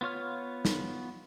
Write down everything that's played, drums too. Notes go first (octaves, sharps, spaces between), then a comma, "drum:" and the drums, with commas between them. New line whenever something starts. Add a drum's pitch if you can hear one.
B3 F4 C#5 F6
drum: snare